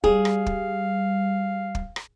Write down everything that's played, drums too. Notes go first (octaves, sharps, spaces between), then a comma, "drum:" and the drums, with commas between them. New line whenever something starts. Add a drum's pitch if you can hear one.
G3 G#4 F5, drum: kick
drum: rim click
drum: kick
drum: kick
drum: rim click